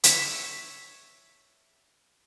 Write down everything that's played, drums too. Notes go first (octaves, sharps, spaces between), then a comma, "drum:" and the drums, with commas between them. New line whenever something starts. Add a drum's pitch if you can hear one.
C#5 E5, drum: hi-hat